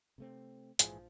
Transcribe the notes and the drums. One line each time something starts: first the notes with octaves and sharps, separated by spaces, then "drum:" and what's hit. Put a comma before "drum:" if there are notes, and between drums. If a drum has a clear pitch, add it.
C3 A3 C4
A#1 G#2 E3 F3 G#4, drum: hi-hat